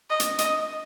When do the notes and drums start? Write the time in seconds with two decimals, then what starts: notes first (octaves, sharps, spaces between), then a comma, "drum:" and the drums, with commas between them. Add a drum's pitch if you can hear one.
0.10 D#5
0.20 drum: hi-hat
0.38 D#5, drum: hi-hat